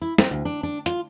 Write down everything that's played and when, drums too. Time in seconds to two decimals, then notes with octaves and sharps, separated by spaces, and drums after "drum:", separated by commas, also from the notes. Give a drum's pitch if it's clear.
0.02 E4
0.18 C4, drum: snare
0.31 D2
0.45 D4
0.63 D4
0.86 F4, drum: hi-hat